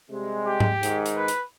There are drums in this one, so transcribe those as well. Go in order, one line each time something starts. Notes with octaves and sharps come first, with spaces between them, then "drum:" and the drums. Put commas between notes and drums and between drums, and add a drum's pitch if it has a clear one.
C3 G3 G#3
G4
drum: tom G#2
G#2 D#3, drum: hi-hat
drum: hi-hat
B4
drum: hi-hat